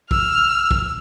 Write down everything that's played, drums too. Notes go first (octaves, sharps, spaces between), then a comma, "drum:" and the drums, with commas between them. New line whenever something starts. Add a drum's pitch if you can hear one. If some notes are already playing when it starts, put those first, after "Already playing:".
E6 F6, drum: kick
drum: kick